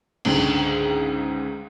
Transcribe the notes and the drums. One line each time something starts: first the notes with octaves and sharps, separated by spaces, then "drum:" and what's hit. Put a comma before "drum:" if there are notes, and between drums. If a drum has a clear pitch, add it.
C#2 G#2 D3, drum: cymbal